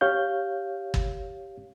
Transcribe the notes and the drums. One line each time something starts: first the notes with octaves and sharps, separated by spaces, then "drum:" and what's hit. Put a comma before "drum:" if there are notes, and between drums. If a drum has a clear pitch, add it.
G4 C#5 F5 G6
drum: kick